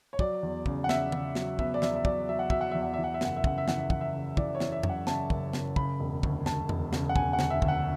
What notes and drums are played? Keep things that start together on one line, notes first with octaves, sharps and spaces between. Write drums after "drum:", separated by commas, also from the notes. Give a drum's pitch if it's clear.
C#5
F#3 D5, drum: kick
E2
C#3, drum: kick
F#5
C#3 E5, drum: snare
C#3, drum: tom D#3
F#3, drum: snare
B3 E5, drum: kick
D5
E2 E5, drum: snare
E5
F#3 D5, drum: kick
F#3 E5
F#5
F#3 E5, drum: kick
F#5
E2 E5
F#5
E3 E5
F#5
E5
F#1 F#5, drum: snare
E5
C#3 F#5, drum: kick
E5
E3 F#5, drum: snare
E5
E3 F#5, drum: kick
E5
C#3
E3 D5, drum: kick
C#5
E3, drum: snare
E5
F#2, drum: tom F2
F#5
C#3 A5, drum: snare
F#1, drum: kick
F#1, drum: snare
C#3 B5, drum: kick
E1
D2, drum: kick
E1 A5, drum: snare
E1, drum: tom F2
C#3, drum: snare
F#5
E1 G#5, drum: kick
F#5
D2, drum: snare
E5
D2, drum: kick
F#5